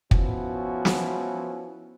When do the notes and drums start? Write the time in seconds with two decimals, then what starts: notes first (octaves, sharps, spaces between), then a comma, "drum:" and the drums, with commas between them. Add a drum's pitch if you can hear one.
0.11 F3 B3 C#4 E4 F#4, drum: kick
0.85 drum: snare